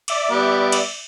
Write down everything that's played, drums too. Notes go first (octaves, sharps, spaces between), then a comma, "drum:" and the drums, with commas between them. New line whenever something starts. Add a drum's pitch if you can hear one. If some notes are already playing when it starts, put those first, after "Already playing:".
D5 E5 D6, drum: cymbal
G3 B3
drum: cymbal